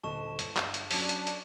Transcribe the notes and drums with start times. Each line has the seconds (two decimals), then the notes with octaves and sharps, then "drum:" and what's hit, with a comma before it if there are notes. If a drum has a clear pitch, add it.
0.03 D#1 D3 D#5 A5 C#6 E7
0.39 G1, drum: hi-hat
0.56 drum: clap
0.74 drum: hi-hat
0.91 F#3 C#4 D4, drum: open hi-hat
1.09 drum: hi-hat
1.27 drum: hi-hat